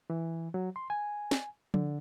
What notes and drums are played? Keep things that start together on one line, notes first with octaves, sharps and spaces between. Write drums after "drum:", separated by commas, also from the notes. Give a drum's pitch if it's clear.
E3
F#3
C6
G#5
drum: snare
D3, drum: tom